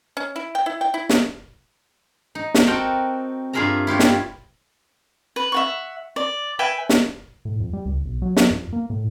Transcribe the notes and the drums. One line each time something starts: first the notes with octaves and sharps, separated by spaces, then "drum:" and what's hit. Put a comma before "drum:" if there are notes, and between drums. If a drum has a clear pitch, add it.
C#4
E4
G5
E4
G5
E4
C#3, drum: snare
D#4
drum: snare
C4 F#4 A4 A#4 G5 A5
G2 F4 G#4 A#4 E5 A#5
E4 F4 G4 C#5
drum: snare
B4
E5 F#5 C#6
D5
B4 E5 G5 G#5
drum: snare
A2
F2
G3
C#2
B1
F#3
F#3, drum: snare
F2
A#3
A2